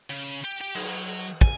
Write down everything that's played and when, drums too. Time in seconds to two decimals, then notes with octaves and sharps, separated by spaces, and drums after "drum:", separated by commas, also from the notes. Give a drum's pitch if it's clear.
0.10 C#3
0.45 G4
0.61 G4 G5
0.75 F#3, drum: cymbal
1.41 G#5, drum: kick